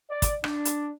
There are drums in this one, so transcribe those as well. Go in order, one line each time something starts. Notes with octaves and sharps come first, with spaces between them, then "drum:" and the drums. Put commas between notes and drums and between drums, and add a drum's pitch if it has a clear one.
D5
drum: kick, hi-hat
D4, drum: rim click
drum: hi-hat